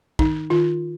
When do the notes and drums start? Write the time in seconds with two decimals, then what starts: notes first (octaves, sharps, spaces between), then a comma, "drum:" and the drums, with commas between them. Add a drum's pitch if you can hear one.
0.19 D#3 D#4, drum: kick
0.50 D#3 F4